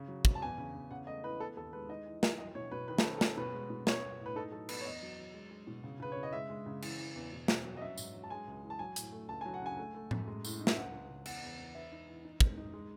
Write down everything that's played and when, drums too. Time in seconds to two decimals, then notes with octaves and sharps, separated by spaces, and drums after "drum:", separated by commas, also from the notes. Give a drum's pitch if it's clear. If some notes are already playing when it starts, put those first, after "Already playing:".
Already playing: C#3
0.08 F#3
0.25 F#3, drum: kick
0.35 A5
0.42 E2 G#5
0.58 C#3
0.75 E2
0.91 C#3 F#5
1.07 A3 D#5
1.23 E3 B4
1.40 B3 A4
1.57 D#2 A4
1.73 G#3 B4
1.89 D#4 D#5
2.06 E3
2.23 E3, drum: snare
2.38 F#3 D#5
2.55 B2 C#5
2.71 B2 B4
2.88 D#3 B4
2.98 A4, drum: snare
3.05 C#4
3.18 A4
3.21 C#4, drum: snare
3.37 B2 B4
3.53 G#3
3.70 B2
3.87 B3 C#5, drum: snare
4.03 B3
4.20 A2
4.26 B4
4.35 D#4 A4
4.52 F#3 A4
4.69 B3 B4, drum: cymbal
4.81 C#5
4.85 E2 D#5
5.02 F#3
5.18 F#3
5.34 G#3
5.51 G#3
5.67 B2
5.84 C#3
6.00 C#3 B4
6.12 C#3 C#5
6.23 D#5
6.33 G#3 E5
6.50 G#3
6.66 C#3
6.82 E3, drum: cymbal
6.99 E3
7.16 E2
7.32 B2
7.48 B2, drum: snare
7.65 F#3
7.77 D#5
7.81 C#4 E5
7.98 G#2, drum: tambourine
8.14 F#3
8.23 A5
8.30 G#3 G#5
8.47 C#2
8.64 E3
8.70 A5
8.79 F#3 G#5
8.96 A2, drum: hi-hat
9.12 A3
9.28 C#2 A5
9.41 F#3 G#5
9.54 F#5
9.62 C#3 G#5
9.78 A3
9.94 A3
10.11 F#2, drum: tom A2
10.28 G#3
10.45 A2, drum: tambourine
10.61 D#4
10.67 E5, drum: snare
10.77 C#2 F#5
10.93 C#2
11.10 C#3
11.25 E2 F#5, drum: cymbal
11.43 E2
11.59 E2
11.75 B3 E5
11.92 D#4
12.08 E3
12.25 D#4
12.40 G#3, drum: kick
12.57 D#4
12.74 G#3